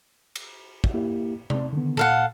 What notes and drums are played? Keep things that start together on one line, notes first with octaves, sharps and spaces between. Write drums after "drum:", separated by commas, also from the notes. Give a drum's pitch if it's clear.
drum: cymbal
drum: kick
A#3 E4 G4
C4 D5, drum: tom C3
D3 D#3 B3
A#2 A4 F5 F#5